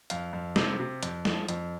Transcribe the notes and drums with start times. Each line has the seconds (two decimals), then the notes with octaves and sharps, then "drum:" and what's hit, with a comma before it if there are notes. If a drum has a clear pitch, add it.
0.10 F2 F5, drum: hi-hat
0.33 F2
0.56 C3, drum: snare
0.80 C3
1.03 F2, drum: hi-hat
1.25 F3, drum: snare
1.48 F2, drum: hi-hat